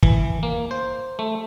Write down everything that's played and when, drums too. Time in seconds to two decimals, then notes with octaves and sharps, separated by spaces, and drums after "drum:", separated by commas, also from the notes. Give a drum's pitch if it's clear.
0.03 E3, drum: kick
0.43 A#3
0.71 C5
1.19 A3